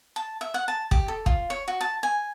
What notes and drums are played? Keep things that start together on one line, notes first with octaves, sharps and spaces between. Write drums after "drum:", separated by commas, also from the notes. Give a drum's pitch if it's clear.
A5
E5
F#5
A5
G4, drum: kick
A4
F4, drum: kick
C#5
F#4
A5
G#5